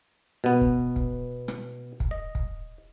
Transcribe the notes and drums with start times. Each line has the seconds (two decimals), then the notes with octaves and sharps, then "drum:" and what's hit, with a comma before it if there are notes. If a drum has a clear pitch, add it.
0.44 B2 B3
0.61 drum: kick
0.96 drum: kick
1.48 drum: rim click
2.00 drum: kick
2.11 D#5
2.35 drum: kick